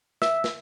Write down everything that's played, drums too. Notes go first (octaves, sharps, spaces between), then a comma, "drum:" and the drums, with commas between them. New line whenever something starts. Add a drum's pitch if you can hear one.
E5, drum: snare
drum: snare